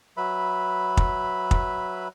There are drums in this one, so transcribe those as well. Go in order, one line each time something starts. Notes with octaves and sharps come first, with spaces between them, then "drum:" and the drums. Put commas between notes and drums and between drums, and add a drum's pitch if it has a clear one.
F#3 B4 E5 B5
drum: kick
drum: kick